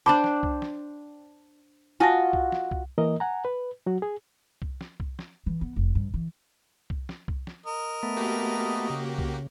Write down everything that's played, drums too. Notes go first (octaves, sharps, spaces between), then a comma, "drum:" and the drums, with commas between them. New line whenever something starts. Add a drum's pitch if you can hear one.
D4 C5 G5 A5 B5 D6
drum: snare
drum: kick C2
drum: snare
F4 F#4 D#5 G#5 A5 A#6
drum: kick C2
drum: snare
drum: kick C2
E3 A#3 A#4 D#5
F#5 G#5 A#5
B4
F#3 F#4
G#4
drum: kick C2
drum: snare
drum: kick C2
drum: snare
E3
B3
F1
G2
E3
drum: kick C2
drum: snare
drum: kick C2
drum: snare
A#4 D#5
A3 B3
A#3 F#4 G4
C#3
drum: kick C2